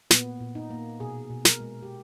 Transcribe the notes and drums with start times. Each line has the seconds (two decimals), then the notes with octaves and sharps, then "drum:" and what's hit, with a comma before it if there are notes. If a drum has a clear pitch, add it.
0.10 A#2 B3, drum: snare
0.40 A#2
0.55 D#4
0.70 A#3
1.00 B2 G#4
1.30 B2
1.45 A#4, drum: snare
1.60 G#3
1.83 G4